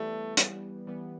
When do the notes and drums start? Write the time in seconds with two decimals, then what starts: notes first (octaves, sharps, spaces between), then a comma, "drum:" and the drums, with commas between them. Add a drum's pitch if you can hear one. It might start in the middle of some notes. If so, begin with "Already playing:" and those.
Already playing: E3 G3 A3 B3
0.37 E3 G3 B3, drum: hi-hat
0.87 E3 G3 B3